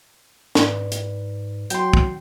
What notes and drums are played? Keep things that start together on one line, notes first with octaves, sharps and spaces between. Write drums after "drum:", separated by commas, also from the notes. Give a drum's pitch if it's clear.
G#2 B4 D5, drum: snare
drum: hi-hat
F#3 G5 C6, drum: hi-hat
drum: kick